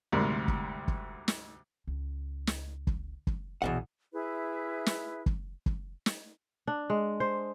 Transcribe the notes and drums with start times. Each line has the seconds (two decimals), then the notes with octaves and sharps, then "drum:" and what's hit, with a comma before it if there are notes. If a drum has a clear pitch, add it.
0.12 D2 G#2 C3 G3 A#4
0.48 drum: kick
0.88 drum: kick
1.28 drum: snare
1.87 C#2
2.47 drum: snare
2.87 drum: kick
3.27 drum: kick
3.62 A#1 E2 B2 F#5
4.13 E4 G#4 B4 E5
4.86 drum: snare
5.26 drum: kick
5.66 drum: kick
6.06 drum: snare
6.67 D4
6.90 G#3
7.20 C5